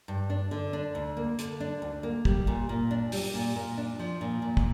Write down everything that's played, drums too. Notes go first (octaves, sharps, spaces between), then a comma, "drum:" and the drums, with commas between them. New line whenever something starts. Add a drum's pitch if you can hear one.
G2
D4
D3
D4
D2
A#3
D3, drum: hi-hat
D4
D2
A#3
G3, drum: kick
A#2
A#2
D4
G3, drum: open hi-hat
A#2
A#2
D4
F3
A#2
A#2
drum: kick